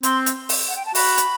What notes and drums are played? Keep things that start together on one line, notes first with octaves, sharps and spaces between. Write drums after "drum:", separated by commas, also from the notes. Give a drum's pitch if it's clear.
C4 C6, drum: hi-hat
drum: hi-hat
drum: open hi-hat
F#5
G5
A5
F#4 B5, drum: open hi-hat
drum: hi-hat